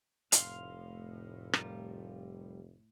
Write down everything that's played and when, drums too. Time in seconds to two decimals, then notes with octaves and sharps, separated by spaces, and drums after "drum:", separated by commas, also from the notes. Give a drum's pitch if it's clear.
0.32 F1 A2 F5 C6, drum: hi-hat
1.53 G3 F4 A#4, drum: rim click